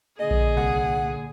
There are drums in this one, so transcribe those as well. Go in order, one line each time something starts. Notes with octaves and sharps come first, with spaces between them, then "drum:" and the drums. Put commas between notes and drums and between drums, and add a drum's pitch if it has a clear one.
A#2 D3 A#3 G#4 D#5
drum: kick A#1
C2 F#5